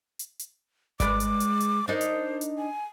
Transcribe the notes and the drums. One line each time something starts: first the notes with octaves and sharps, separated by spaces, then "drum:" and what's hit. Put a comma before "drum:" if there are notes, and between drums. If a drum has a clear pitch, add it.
drum: hi-hat
drum: hi-hat
G#3 B4 D5 D6, drum: kick G#1, hi-hat
drum: hi-hat
drum: hi-hat
drum: hi-hat
D4 D#4 A#4 C5
drum: hi-hat
drum: hi-hat
G#5